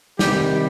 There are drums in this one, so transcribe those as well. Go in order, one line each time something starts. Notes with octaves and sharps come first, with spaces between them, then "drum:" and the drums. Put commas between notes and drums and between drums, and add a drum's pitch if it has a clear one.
C3 D#3 G3 G4, drum: snare